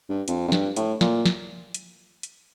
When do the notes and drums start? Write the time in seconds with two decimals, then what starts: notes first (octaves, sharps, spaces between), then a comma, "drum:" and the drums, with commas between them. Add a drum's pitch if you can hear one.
0.09 G2
0.28 F2, drum: hi-hat
0.48 F2
0.52 G2, drum: snare
0.76 A2, drum: hi-hat
1.01 A#2, drum: snare
1.26 drum: snare
1.74 drum: hi-hat
2.23 drum: hi-hat